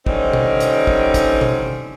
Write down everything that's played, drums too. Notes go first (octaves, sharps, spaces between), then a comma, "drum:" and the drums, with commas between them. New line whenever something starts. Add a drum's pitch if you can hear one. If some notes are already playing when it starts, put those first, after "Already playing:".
D3 D#3 G3 C4 C#4 D#4, drum: kick
drum: tom B2
drum: hi-hat
drum: kick
drum: kick, hi-hat
drum: tom B2